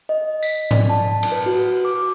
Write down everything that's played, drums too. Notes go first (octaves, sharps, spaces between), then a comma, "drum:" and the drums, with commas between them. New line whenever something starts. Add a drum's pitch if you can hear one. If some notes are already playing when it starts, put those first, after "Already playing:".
D#5
B6, drum: tambourine
D5, drum: tom G#2
A5
drum: cymbal
B4
F#4
D6